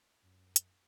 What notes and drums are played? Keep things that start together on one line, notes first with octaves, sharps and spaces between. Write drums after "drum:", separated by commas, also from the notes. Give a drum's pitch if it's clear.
F#2
drum: hi-hat